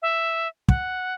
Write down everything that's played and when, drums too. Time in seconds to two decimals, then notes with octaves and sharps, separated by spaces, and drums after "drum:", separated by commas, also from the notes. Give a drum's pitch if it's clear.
0.02 E5
0.68 F#5, drum: kick